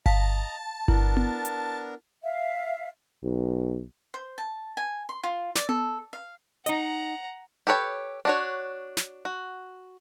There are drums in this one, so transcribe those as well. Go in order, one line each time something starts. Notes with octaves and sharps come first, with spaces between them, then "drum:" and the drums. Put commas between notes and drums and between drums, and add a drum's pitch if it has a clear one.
D#5 F5 A5 A#5, drum: kick G1
B3 D4 E4 A#4, drum: kick G1
drum: tom B3
drum: hi-hat
E5 F5
B1
C5
A5
G#5
C6
F4
D5, drum: snare
A4, drum: tom B3
F5
D#4 D#5 F#5 A#5, drum: hi-hat
G4 A4 B4 C#5 G5
D4 F#4 C#5
drum: snare
F#4